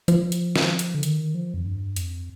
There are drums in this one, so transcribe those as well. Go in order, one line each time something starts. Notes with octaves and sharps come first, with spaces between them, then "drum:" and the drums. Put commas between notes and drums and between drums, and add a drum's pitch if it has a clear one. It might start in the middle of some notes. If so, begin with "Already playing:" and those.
F3, drum: hi-hat
drum: hi-hat
drum: snare
drum: hi-hat
D3
D#3, drum: hi-hat
F3
F2
G2
F2, drum: hi-hat